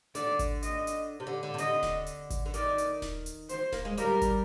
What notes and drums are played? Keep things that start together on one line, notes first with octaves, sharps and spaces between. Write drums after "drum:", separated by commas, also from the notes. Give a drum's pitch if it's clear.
D3 D5, drum: hi-hat
drum: kick G#1, hi-hat
D#5, drum: hi-hat
drum: hi-hat
C3
D3
D3
C3
D3 D#5, drum: hi-hat
drum: snare D#1
drum: hi-hat
drum: kick G#1, hi-hat
D3
D#3 D5, drum: hi-hat
drum: hi-hat
drum: snare D#1
drum: hi-hat
C5, drum: hi-hat
A#3, drum: snare D#1
G#3
G3 A#4, drum: hi-hat
drum: kick G#1, hi-hat